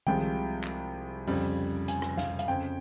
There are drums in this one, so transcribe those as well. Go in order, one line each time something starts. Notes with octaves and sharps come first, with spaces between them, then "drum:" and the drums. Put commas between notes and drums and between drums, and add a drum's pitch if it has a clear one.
C2 C3 F3 G#3 G5, drum: tom D#3
drum: clap
F2 C#3 G3, drum: open hi-hat
G#5, drum: hi-hat
drum: rim click
F5, drum: snare
F5, drum: hi-hat
F2 C#3 F3 G5